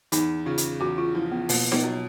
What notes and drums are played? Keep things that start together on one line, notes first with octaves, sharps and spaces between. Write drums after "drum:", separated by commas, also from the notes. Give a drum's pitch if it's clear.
E2 D#4, drum: hi-hat
C#3 F4
drum: hi-hat
E2 F#4
F4
F3 E4
B3
B2 A#3, drum: open hi-hat
B3, drum: snare D#4
F#3